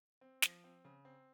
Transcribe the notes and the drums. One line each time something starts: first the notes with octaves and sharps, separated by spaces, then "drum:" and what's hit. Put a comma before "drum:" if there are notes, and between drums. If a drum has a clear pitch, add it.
C4
F3, drum: snare
C4
C#3
C4